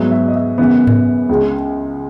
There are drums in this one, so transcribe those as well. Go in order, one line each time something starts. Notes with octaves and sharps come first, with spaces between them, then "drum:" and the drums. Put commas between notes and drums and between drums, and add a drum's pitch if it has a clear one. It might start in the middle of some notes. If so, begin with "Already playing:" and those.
Already playing: G#2 F#3 B3 E5
E5
D#5
E5
F#2 C#3 E3 B3
drum: tom G#2
C#2 C#3 G#3